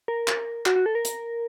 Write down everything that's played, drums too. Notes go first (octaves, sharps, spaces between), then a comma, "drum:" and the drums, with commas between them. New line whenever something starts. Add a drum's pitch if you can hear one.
A#4
drum: clap
F#4, drum: clap
F#4
A4
A#4
drum: hi-hat